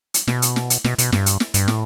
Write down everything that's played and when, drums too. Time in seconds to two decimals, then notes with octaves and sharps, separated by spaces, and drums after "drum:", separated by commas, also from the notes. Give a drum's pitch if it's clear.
0.14 drum: hi-hat
0.27 B2, drum: snare
0.42 drum: hi-hat
0.56 drum: snare
0.70 drum: hi-hat
0.84 B2, drum: snare
0.98 B2, drum: hi-hat
1.12 G2, drum: snare
1.26 drum: hi-hat
1.40 drum: snare
1.54 G2, drum: hi-hat
1.68 A2, drum: snare